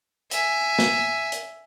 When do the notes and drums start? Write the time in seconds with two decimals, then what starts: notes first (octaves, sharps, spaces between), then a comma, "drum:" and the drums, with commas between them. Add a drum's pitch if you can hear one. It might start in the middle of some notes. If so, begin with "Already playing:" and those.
0.31 E5 G#5, drum: hi-hat
0.79 drum: snare
1.32 drum: hi-hat